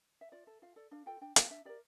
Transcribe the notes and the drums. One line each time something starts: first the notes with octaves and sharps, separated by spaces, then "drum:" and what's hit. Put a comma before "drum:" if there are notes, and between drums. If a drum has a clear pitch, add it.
E5
F4 D5
A4
F4 F5
A4 D5
D4 F5
F4 A4 G5
D4 G5
F4 A4 F5, drum: hi-hat
D4 E5
G4 A#4 D5